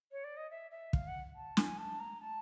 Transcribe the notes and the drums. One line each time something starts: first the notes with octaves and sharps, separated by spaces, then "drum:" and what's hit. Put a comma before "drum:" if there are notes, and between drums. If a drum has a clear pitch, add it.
C#5
D5
D#5
E5
E5
F5, drum: kick
F#5
A5
G#5, drum: snare
A5
A#5
A5